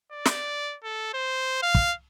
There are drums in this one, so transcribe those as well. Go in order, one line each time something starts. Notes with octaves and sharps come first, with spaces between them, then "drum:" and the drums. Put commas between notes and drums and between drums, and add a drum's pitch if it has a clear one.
D5
drum: snare
A4
C5
F5
drum: kick